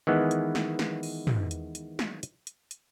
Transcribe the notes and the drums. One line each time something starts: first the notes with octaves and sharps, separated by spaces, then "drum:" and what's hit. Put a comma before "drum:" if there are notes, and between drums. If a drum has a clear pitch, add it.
D#3 E3 G#3 B3
drum: hi-hat
drum: snare
drum: snare
drum: open hi-hat
drum: tom
drum: hi-hat
drum: hi-hat
drum: snare
drum: hi-hat
drum: hi-hat
drum: hi-hat